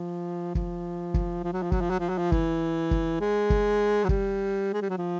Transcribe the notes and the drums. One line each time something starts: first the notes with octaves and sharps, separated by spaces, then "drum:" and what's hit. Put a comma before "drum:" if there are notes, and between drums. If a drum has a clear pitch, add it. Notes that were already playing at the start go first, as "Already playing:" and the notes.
Already playing: F3
F3, drum: kick
drum: kick
F3
F#3
F3
F#3, drum: kick
F3
F#3
F3
F#3
F3
E3, drum: kick
drum: kick
G#3
drum: kick
F#3
G3, drum: kick
G#3
G3
F#3
F3